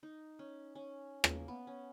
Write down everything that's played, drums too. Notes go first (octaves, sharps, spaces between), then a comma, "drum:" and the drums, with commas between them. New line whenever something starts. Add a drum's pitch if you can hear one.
D#4
C#4
C#4
A#3, drum: rim click
B3
C#4